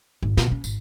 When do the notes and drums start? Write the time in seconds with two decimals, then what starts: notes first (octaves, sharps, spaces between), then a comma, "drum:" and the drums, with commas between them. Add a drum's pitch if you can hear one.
0.23 G#1
0.37 B2, drum: snare
0.52 C#4
0.64 G#1, drum: tambourine